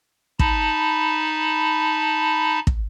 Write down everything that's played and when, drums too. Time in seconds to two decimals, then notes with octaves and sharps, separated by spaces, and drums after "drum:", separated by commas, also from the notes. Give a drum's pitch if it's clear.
0.39 D#4 A5 B5, drum: kick
2.67 drum: kick